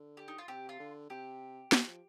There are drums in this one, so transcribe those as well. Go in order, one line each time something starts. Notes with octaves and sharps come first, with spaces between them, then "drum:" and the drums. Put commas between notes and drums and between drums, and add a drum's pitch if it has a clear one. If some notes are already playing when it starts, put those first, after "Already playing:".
Already playing: D3
G4
D#4
F4
C3 G4
F4
D3
C3 G4
D#3, drum: snare
F3